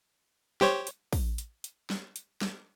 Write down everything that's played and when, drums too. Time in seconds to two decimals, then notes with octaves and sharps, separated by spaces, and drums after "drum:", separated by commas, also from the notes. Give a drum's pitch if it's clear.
0.61 G4 C5 C#5, drum: snare
0.87 drum: hi-hat
1.13 drum: kick, open hi-hat
1.38 drum: hi-hat
1.64 drum: hi-hat
1.90 drum: snare
2.16 drum: hi-hat
2.41 drum: snare